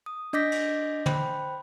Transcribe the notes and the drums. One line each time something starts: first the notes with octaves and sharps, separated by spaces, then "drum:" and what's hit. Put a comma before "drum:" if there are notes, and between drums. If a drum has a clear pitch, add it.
D#6
D4 D#5 D6 G6 A#6 B6
drum: cymbal
C5 G5 B5, drum: tom